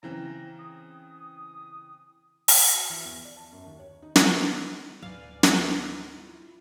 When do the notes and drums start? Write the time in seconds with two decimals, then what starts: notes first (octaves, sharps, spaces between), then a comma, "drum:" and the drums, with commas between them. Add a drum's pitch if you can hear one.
0.03 C#3 E3 C4 A#5
0.59 D#6
2.48 drum: open hi-hat
2.75 F#4
2.90 E3
3.05 E2
3.25 D5
3.37 A5
3.52 F#2
3.66 D#2
3.79 C#5
4.02 D#4
4.16 E4, drum: snare
4.31 C#6
4.46 A6
5.02 D1 G#2 F#3 B4 D5 F5 G#5
5.43 D#3 A#5, drum: snare
6.12 E4 F4